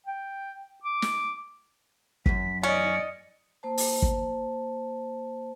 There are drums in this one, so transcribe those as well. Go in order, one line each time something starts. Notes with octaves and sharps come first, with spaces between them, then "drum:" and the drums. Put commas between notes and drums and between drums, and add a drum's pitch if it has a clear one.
G5
D6
drum: snare
C#2 F#2 B6, drum: kick
C#4 D5 D#5 C#7
A#3 C5 A5
drum: open hi-hat
drum: kick